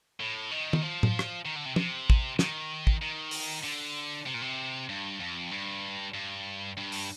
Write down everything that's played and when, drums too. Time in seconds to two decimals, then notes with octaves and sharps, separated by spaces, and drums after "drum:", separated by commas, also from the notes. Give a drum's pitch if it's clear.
0.20 A2
0.51 D#3
0.73 drum: tom
0.83 F3
1.03 drum: tom A2
1.19 drum: rim click
1.45 D#3
1.56 D3
1.66 C3
1.76 C3, drum: tom
2.10 drum: kick
2.39 D#3, drum: snare
2.87 drum: kick
3.02 D#3
3.31 drum: open hi-hat
3.64 D3
4.26 C3
4.34 A#2
4.42 C3
4.89 G2
5.20 F2
5.51 G2
6.14 G2
6.77 G2
6.92 drum: open hi-hat